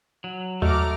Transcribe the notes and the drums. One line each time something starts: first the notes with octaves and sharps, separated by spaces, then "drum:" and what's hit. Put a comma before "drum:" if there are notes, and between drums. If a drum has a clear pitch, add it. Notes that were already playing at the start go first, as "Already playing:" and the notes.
F#3
A3 F#4 D#5 A#5 D6 F6, drum: tom D#2